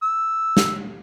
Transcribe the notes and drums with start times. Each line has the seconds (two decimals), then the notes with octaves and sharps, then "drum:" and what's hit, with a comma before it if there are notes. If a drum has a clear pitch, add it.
0.02 E6
0.57 drum: snare